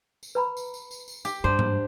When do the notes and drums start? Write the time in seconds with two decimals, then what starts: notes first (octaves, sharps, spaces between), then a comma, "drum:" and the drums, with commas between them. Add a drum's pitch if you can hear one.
0.23 drum: tambourine
0.35 B4 A#5 B5
0.57 drum: tambourine
0.74 drum: tambourine
0.91 drum: tambourine
1.08 drum: tambourine
1.25 G4, drum: tambourine
1.44 G2 D4 C5
1.59 drum: tom G#2